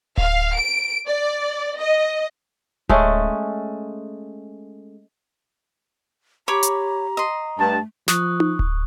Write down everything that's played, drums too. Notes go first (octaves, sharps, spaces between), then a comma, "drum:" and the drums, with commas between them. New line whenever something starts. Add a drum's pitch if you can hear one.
F5, drum: kick D1
D7
D5
D#5
G#3 A3 C#4, drum: kick D1
G4 C#5 A#5 B5 D6
drum: hi-hat
D#5 C6
G2 A3 A5
F3 C#6 D#6 F#6, drum: snare
drum: tom D#4
drum: kick D1